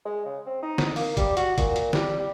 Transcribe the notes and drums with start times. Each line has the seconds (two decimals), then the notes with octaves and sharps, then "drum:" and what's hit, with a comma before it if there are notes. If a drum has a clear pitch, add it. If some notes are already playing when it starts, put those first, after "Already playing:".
0.05 G#3
0.25 C#3
0.46 C4
0.63 D#4
0.78 drum: snare
0.96 A#3, drum: open hi-hat
1.17 G3, drum: kick, hi-hat
1.37 F#4, drum: hi-hat
1.58 A#2, drum: kick, hi-hat
1.76 drum: hi-hat
1.93 G3, drum: snare
2.19 G3